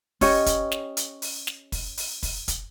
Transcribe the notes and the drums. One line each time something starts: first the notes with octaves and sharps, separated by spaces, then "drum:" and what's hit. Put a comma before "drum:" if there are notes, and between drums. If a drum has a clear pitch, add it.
C#4 G4 C#5 D#5, drum: kick, open hi-hat
drum: kick, hi-hat
drum: snare
drum: hi-hat
drum: open hi-hat
drum: snare
drum: kick, open hi-hat
drum: open hi-hat
drum: kick, open hi-hat
drum: kick, hi-hat